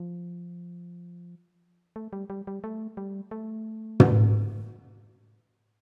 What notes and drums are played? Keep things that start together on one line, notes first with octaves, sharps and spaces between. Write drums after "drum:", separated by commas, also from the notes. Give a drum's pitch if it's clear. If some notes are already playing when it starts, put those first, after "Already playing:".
Already playing: F3
A3
G3
G3
G3
A3
G3
A3
drum: tom